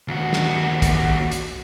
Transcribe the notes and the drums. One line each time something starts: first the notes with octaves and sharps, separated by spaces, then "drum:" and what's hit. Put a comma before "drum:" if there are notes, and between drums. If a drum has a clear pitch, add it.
D#2 F#4
drum: snare
drum: kick, hi-hat
drum: hi-hat